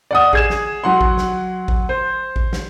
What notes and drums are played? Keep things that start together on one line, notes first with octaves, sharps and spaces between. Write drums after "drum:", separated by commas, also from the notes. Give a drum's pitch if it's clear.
D5 F#5 D#6
G#4 G#6 E7, drum: kick A1
drum: snare
F#3 F#5 C6
drum: kick A1
drum: snare
drum: kick A1
C5
drum: kick A1
drum: snare